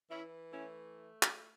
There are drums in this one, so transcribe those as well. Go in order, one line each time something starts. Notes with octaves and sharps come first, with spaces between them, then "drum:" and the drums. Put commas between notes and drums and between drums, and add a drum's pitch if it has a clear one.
E3 C#4 E4
A3 C#4 E4
drum: clap